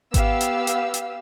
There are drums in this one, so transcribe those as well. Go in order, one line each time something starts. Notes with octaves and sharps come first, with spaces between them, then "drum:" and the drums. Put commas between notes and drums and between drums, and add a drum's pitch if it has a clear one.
B3 G4 F5 E6, drum: kick G#1, hi-hat
drum: hi-hat
drum: hi-hat
drum: hi-hat